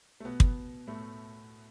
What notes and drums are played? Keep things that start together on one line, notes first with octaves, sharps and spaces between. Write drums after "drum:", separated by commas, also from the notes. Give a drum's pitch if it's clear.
A3
B2 B3
drum: kick
A2 A3